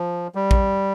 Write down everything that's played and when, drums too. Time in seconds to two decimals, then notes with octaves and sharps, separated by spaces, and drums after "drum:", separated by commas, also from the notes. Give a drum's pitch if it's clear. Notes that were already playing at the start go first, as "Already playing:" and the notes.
Already playing: F3
0.35 G3
0.51 drum: kick